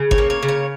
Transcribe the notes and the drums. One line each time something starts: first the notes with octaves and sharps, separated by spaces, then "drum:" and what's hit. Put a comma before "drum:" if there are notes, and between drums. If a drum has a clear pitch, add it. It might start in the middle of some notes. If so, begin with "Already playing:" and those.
Already playing: C#3
C#5, drum: kick G1
A#3
C#5
C#3
C#5